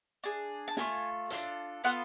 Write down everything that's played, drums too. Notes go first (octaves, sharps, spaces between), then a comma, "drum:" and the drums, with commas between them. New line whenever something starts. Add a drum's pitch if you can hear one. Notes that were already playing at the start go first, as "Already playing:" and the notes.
D4 G#4
A5
A3 F4 A4 G#5, drum: snare
D4 F4 A4, drum: hi-hat
B3 F4 A4 F#5